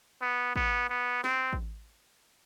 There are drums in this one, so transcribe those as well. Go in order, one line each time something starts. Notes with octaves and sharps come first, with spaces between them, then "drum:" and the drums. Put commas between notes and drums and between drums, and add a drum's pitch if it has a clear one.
B3
B3, drum: kick A1
B3
C4, drum: snare
drum: kick A1